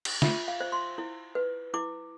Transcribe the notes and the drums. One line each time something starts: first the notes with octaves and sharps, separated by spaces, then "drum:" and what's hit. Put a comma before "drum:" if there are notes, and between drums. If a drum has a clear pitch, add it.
drum: cymbal
F4 E5, drum: snare
F5
C5
C6
E4
B4
E4 D6